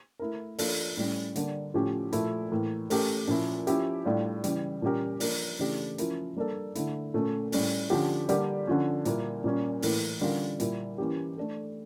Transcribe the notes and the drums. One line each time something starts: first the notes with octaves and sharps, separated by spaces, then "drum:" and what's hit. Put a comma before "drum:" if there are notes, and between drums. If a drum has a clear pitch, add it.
A3 E4 A#4
F3 A#3 D4 F4 A4, drum: open hi-hat
A2 G3 C#4
D3 G3 A#3 D4, drum: hi-hat
A2 F3 C#4 G4
A#2 F3 A3 E4, drum: hi-hat
A2 E3 A#3
A3 C#4 G4 A#4, drum: open hi-hat
A#2 F3 C#4 E4
F3 C#4 E4 G4, drum: hi-hat
A2 G3 D4 F4
C#3 E3 G3, drum: hi-hat
A#2 G3 C#4 G4 A#4
F3 A#3 D4, drum: open hi-hat
C#3 E3 A3 D4 G4
F3 C#4 E4 A#4, drum: hi-hat
G3 A#3 D4 A4
D3 A3 E4, drum: hi-hat
A#2 A3 C#4
A2 G3 C#4, drum: open hi-hat
D3 F3 C#4 G4
D3 G3 A#3 D4 G4, drum: hi-hat
D3 F3 C#4
A#2 G3 A#3 E4, drum: hi-hat
A#2 G3 A#3 C#4
A2 E3 A#3, drum: open hi-hat
D3 G3 C#4 F4 A#4
A#2 G3 A#3 E4, drum: hi-hat
E3 A#3 C#4 G4
A3 D4 A4